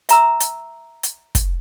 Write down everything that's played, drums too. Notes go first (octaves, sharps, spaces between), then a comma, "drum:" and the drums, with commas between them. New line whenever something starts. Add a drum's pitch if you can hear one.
E5 A#5 E6, drum: hi-hat
drum: hi-hat
drum: hi-hat
drum: kick, hi-hat